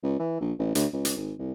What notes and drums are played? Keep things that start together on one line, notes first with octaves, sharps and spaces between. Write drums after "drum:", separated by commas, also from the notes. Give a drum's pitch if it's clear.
C#2
E3
A#1
A1
D2, drum: hi-hat
C#2
drum: hi-hat
G#1
C2